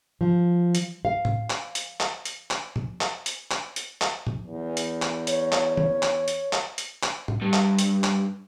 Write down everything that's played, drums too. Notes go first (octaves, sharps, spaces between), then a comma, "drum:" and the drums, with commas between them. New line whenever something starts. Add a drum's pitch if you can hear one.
F3
drum: hi-hat
F5
drum: tom A2
drum: clap
drum: hi-hat
drum: clap
drum: hi-hat
drum: clap
drum: tom
drum: clap
drum: hi-hat
drum: clap
drum: hi-hat
drum: clap
drum: tom
E2
drum: hi-hat
drum: clap
C#5, drum: hi-hat
drum: clap
drum: tom
drum: clap
drum: hi-hat
drum: clap
drum: hi-hat
drum: clap
drum: tom A2
G2
drum: clap
drum: hi-hat
drum: clap